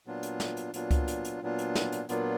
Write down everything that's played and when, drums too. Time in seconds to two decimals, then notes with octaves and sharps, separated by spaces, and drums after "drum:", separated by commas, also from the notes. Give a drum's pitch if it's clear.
0.06 A#2 F#3 B3 D4 F4
0.23 drum: hi-hat
0.40 drum: snare
0.57 drum: hi-hat
0.74 A#2 F#3 B3 D4 F4, drum: hi-hat
0.91 drum: kick C#2, hi-hat
1.08 drum: hi-hat
1.25 drum: hi-hat
1.41 A#2 F#3 B3 D4 F4
1.58 drum: hi-hat
1.75 drum: snare
1.92 drum: hi-hat
2.09 A#2 F#3 B3 D4 F4, drum: hi-hat